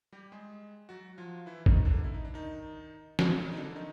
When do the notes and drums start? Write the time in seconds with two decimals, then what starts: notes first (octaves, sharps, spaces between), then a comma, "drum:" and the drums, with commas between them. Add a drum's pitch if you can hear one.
0.13 G3 G4
0.32 G#3 G#4
0.89 F#3 F#4
1.18 F3 F4
1.46 E3 E4
1.66 D#3 D#4, drum: kick
1.85 D3 D4
2.04 E4
2.14 D#4
2.25 D4
2.34 D#3 D#4
3.19 D3 D4, drum: snare
3.38 C#3 C#4
3.52 D#4
3.57 D3 D4
3.76 D#3 D#4